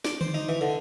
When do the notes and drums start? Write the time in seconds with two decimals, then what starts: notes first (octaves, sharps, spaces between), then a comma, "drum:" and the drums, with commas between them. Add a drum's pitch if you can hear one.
0.05 D5, drum: snare
0.21 C5, drum: tom D3
0.34 D#4
0.49 E3
0.61 D3